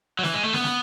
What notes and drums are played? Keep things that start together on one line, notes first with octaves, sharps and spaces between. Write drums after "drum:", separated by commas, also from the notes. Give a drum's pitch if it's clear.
F#3
E3, drum: snare
G#3
A3
B3, drum: snare
drum: snare